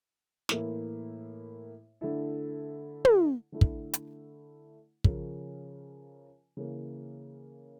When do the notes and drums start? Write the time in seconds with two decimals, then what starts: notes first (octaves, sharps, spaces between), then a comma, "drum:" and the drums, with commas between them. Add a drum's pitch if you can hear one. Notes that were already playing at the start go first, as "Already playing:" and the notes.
0.49 A2 E3 A#3 E4, drum: snare
2.01 D3 A3 E4 A4
3.05 drum: tom
3.52 D3 A3 E4
3.61 drum: kick
3.94 drum: hi-hat
5.04 C#3 F3 C#4 F4 A#4, drum: kick
6.57 C#3 E3 A#3